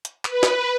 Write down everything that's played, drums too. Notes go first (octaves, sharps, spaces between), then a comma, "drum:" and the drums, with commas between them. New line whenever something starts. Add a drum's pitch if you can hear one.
drum: hi-hat
B4, drum: clap
drum: snare